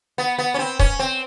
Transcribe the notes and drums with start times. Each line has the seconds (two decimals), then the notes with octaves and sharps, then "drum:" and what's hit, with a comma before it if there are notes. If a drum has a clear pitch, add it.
0.18 B3
0.38 B3
0.54 C#4
0.59 C4
0.79 C#4, drum: kick D#1
0.99 C4